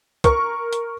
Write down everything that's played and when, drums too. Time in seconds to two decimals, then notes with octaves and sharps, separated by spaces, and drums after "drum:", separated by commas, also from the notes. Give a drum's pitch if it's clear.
0.24 A#4 C#6, drum: kick, hi-hat
0.73 drum: hi-hat